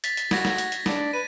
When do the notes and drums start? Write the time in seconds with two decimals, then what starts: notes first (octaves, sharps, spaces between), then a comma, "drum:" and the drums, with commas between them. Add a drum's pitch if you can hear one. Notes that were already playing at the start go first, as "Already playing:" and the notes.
0.04 A6 B6, drum: hi-hat
0.17 drum: hi-hat
0.31 F#4 G#6 A#6, drum: snare
0.45 drum: snare
0.58 drum: hi-hat
0.72 drum: hi-hat
0.86 D4, drum: snare
1.13 B4 D#7